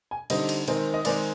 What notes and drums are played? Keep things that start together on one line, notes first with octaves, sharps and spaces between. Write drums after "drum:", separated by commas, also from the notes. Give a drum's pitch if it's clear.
G#5
D3 G3 C4 D#4 D#5, drum: cymbal
drum: cymbal
D#3 G#3 C4 D#4, drum: cymbal
D#5
D#3 G#3 C4 D#4 D5, drum: cymbal